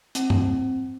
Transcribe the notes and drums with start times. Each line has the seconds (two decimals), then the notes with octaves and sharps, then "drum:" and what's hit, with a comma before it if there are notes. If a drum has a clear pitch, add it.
0.15 C4, drum: hi-hat
0.30 drum: tom G2